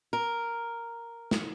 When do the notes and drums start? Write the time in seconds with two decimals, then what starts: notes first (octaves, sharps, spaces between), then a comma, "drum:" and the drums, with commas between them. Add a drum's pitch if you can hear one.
0.13 A#4
1.31 drum: snare